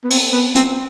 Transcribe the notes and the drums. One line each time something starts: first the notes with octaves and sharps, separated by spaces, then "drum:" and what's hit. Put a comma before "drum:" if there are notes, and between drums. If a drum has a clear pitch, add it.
B3
C4, drum: open hi-hat
B3
C4, drum: hi-hat